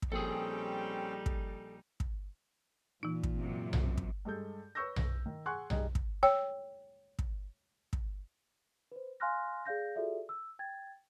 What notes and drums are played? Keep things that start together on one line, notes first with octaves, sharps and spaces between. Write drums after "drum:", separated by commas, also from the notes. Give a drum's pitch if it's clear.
drum: kick
A#1 G3 C4 C#4 D#4 G#4 A4 G5
drum: kick
drum: kick
A#2 E3 D#4
drum: kick
F#2 C3
drum: tom B1
drum: kick
G2 G#3 A4 G6
B4 C#5 C#6 E6 G6 A#6
drum: tom B1
D#3
G#4 F#5 G#5 C6 C#6 F#6
G3 D#4 G#4 D#5, drum: tom B1
drum: kick
C#5 G5 E6
drum: kick
drum: kick
B4 C5
F5 G#5 C6 F6 F#6 A#6
G#4 D5 F5 G6 A#6
F4 F#4 G#4 A4 D5 E5
E6
G5 G#6 A6